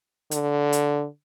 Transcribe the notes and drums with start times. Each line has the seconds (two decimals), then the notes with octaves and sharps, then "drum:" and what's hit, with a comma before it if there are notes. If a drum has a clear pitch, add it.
0.31 D3, drum: hi-hat
0.73 drum: hi-hat